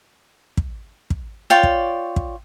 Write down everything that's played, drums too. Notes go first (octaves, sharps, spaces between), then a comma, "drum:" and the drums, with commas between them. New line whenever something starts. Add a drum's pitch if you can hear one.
drum: kick
drum: kick
F4 C#5 D5 G5
drum: kick
drum: kick